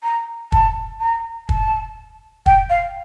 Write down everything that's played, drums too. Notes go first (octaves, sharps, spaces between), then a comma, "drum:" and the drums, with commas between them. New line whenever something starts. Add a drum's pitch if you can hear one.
A#5
A5, drum: kick
A#5
A5, drum: kick
G5, drum: kick
F5